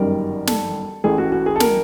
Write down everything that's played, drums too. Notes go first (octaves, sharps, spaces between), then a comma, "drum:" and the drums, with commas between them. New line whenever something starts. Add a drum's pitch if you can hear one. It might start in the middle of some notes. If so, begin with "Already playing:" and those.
Already playing: G1 F#2 D#3 G3 A#4
A4, drum: snare
A1 A2 E3 A3 G#4
F#4
F#4
G#4
A4
A#4, drum: snare